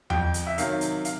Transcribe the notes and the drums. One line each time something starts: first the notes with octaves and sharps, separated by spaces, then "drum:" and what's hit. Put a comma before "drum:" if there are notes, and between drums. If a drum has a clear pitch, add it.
F2 G5, drum: tom E2
drum: hi-hat
E5
C3 D#3 F#3 F5, drum: hi-hat
drum: hi-hat
F5, drum: hi-hat